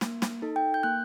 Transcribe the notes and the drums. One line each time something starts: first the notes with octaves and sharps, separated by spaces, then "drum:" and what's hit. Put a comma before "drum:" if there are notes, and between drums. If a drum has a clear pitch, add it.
A#3, drum: snare
drum: snare
D#4 A4
G5
G6
A#3 F#6